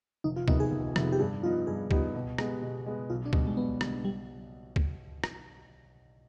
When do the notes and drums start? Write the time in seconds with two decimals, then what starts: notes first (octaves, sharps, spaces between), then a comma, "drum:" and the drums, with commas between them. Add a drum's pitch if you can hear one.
0.24 F1 D#4
0.36 F4
0.48 F2 C3 D#3 B3 D#4, drum: kick
0.60 G#4
0.71 F1
0.96 F2 C3 D#3 B3, drum: rim click
1.12 G4
1.19 G2 G#4
1.43 F3 B3 D#4 F4
1.67 G2 G#4
1.91 F3 B3 D#4 G4, drum: kick
2.15 B2
2.38 G#3 B3, drum: rim click
2.62 B2
2.86 G#3 B3
3.10 B1 F4
3.25 D4
3.33 B2 G3, drum: kick
3.47 G#3
3.57 B1 B3
3.81 B2 G3, drum: rim click
4.04 G3
4.76 drum: kick
5.24 drum: rim click